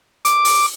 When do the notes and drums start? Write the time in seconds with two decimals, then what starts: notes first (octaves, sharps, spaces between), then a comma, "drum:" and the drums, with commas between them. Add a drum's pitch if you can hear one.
0.25 D6, drum: hi-hat
0.45 drum: open hi-hat